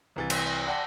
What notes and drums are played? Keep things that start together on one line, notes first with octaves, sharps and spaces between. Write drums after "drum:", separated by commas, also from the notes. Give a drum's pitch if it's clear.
C2 E3 A6
drum: cymbal
D5 F#5 G5 A5